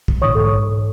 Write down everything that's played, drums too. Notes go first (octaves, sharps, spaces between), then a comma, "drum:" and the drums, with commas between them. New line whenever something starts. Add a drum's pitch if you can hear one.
drum: kick
A#2 D3 E3 C#5 C#6 D#6
G#2 A4